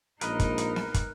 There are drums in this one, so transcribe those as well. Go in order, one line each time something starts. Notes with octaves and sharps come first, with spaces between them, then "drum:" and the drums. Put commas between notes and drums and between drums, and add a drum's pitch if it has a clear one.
A#1 G#3 D#4 A#4 B4 D#5, drum: hi-hat
drum: kick, hi-hat
drum: hi-hat
drum: snare B3
drum: kick, hi-hat